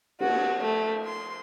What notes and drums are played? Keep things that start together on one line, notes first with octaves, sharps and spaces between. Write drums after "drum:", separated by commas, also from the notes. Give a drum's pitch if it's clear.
F#4, drum: cymbal
A3
C6